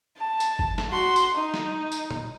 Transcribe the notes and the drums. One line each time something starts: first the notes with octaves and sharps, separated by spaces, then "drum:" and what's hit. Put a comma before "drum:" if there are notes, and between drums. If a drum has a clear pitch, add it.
A5
drum: tambourine
drum: kick F#1
drum: snare
F#4 C6
drum: tambourine
D#4
drum: snare
drum: tambourine
drum: tom A#2